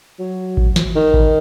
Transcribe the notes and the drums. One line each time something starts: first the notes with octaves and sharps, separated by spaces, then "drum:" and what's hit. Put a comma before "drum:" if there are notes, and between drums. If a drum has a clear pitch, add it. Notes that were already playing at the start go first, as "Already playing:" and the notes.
F#3
drum: kick G#1
drum: snare
D#3
drum: kick G#1